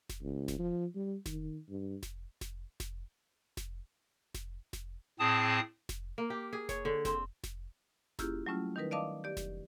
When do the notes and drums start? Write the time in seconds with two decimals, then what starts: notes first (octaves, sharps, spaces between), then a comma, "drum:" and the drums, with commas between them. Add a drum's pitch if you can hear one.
0.09 drum: snare F1
0.23 C#2
0.48 drum: snare F1
0.59 F3
0.95 G3
1.26 D#3, drum: snare F1
1.69 G2
2.03 drum: snare F1
2.41 drum: snare F1
2.80 drum: snare F1
3.57 drum: snare F1
4.34 drum: snare F1
4.73 drum: snare F1
5.20 A2 C4 G#4 A5 D#6
5.89 drum: snare F1
6.18 A#3
6.30 G4
6.53 G#4
6.69 C#5, drum: snare F1
6.85 D3
7.05 C4, drum: snare F1
7.44 drum: snare F1
8.19 A#3 C#4 E4 F4 G4 G#4, drum: snare F1
8.46 F#3 G3 A3 C#4 E4 F4
8.76 D#3 G3 D#4 A#4 B4
8.91 D5 D#5 F5 A5 D6 D#6
9.24 G4 D5
9.37 drum: snare F1